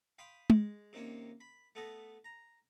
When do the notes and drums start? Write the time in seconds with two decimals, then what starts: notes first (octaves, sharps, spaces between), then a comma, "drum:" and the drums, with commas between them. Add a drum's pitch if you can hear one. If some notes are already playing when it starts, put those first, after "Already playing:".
0.19 F5 G5 B5 C6 D#6
0.50 G#3, drum: tom G#3
0.93 C3 D#3 A#3 C#4
1.40 B5
1.75 A3 B3 A4 D#5
2.24 A#5